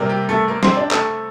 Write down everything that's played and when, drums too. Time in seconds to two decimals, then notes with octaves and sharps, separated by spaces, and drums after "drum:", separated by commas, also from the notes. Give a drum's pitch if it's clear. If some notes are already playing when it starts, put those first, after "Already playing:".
Already playing: C3 G3 A#3
0.09 G4
0.29 A3 A4
0.48 A#3 A#4
0.63 C4 C5, drum: snare
0.76 D4 D5
0.91 A3 A4, drum: clap